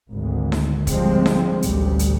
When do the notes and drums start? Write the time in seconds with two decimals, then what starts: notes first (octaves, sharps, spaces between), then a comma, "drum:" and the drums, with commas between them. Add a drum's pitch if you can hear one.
0.10 G#1 D2
0.52 drum: snare D#4
0.87 D3 F3 G3 G#3 C4, drum: kick, hi-hat
1.26 drum: snare D#4
1.62 A1 D2 G3, drum: hi-hat
1.99 drum: hi-hat